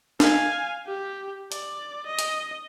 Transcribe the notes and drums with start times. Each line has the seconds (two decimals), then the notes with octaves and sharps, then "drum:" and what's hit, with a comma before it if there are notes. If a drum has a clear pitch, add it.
0.20 F5 G#5, drum: snare
0.87 G4
1.52 D5, drum: hi-hat
2.06 D#5
2.19 drum: hi-hat